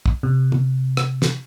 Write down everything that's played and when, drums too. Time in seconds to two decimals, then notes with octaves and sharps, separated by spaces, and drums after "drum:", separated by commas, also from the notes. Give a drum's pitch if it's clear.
0.06 drum: kick
0.23 C3
0.52 drum: tom
0.97 drum: rim click
1.22 drum: snare